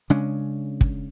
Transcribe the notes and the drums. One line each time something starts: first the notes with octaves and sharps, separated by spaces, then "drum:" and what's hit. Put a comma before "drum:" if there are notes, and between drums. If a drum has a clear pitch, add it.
C#3 G#3 C#4 D4
drum: kick